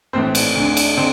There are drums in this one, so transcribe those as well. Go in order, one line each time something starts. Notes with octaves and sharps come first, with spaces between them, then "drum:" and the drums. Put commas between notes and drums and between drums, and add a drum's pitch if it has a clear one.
A#1 A2 E3 C4 C5
drum: cymbal
D2 D3
drum: cymbal
D3 C4